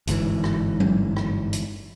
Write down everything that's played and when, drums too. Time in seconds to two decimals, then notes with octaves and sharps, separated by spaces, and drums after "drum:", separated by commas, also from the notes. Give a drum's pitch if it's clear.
0.07 G1 G#2 C3 E3, drum: hi-hat
0.44 drum: rim click
0.80 drum: tom F#3
1.16 drum: rim click
1.53 drum: hi-hat